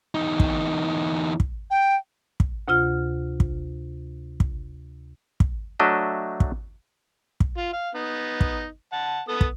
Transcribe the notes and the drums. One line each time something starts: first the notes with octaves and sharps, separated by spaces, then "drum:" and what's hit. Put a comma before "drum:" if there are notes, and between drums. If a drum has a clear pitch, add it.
E2 D#4
drum: kick
drum: kick
G5
drum: kick
D2 C3 F4 F6
drum: kick
drum: kick
drum: kick
F#3 A3 D4 D#5 E5
drum: kick
drum: kick
F4
F5
B3 D#4
drum: kick
F#5 A5
B3 A4 D#6
drum: kick